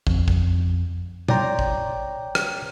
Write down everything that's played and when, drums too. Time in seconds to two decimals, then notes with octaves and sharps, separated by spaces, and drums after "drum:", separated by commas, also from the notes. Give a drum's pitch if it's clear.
0.07 F2, drum: kick
0.28 drum: kick
1.28 C#5 D5 G5 A#5 C6, drum: tom
1.59 drum: kick
2.35 drum: rim click